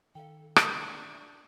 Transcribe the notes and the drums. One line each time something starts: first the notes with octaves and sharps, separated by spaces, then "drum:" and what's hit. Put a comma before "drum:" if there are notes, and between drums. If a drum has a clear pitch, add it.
D#3 A4 F5 G5
D4 A#4 E5 C#6, drum: rim click